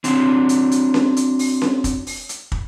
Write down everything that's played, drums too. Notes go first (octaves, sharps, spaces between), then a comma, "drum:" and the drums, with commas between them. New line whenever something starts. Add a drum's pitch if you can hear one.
C4 D4 F#4, drum: hi-hat
drum: hi-hat
drum: hi-hat
drum: snare C#4
drum: hi-hat
drum: open hi-hat
drum: snare C#4
drum: kick, hi-hat
drum: open hi-hat
drum: hi-hat
drum: kick